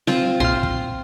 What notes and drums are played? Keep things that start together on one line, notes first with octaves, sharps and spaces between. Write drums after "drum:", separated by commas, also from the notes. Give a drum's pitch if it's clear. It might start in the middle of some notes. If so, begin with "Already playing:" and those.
C4 F4, drum: snare C4
B1 A#2 C6 F6
drum: kick